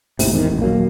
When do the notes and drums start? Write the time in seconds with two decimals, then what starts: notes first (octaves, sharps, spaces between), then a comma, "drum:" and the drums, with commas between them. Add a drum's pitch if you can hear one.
0.19 G#1 D#2 A2 C3, drum: open hi-hat
0.33 E2 G#2 D#3
0.49 D#1 A1
0.61 D#1 F#3 A#3